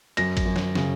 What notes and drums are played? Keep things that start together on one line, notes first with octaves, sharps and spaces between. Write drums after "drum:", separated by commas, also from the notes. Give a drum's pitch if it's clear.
F#2 A#6, drum: cymbal
drum: kick A1, cymbal
F#2
drum: snare
C#3, drum: snare